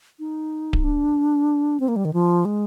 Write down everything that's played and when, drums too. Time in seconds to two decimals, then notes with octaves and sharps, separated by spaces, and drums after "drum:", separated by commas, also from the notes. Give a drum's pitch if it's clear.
0.19 D#4
0.73 drum: kick D1
0.84 D4
1.80 C4
1.88 A#3
1.96 G3
2.05 D#3
2.13 F3
2.45 G#3